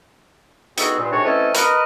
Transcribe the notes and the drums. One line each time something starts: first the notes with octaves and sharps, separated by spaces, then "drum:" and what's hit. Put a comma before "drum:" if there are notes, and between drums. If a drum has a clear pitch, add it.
B3 C4 D#4 F#4 G#4 A4, drum: hi-hat
G2 A#2
C3 D#3 G#3 D4 F#4 C#5
E3 A3 C4 C#4 A4 D#5
A#4 B4 D#5, drum: hi-hat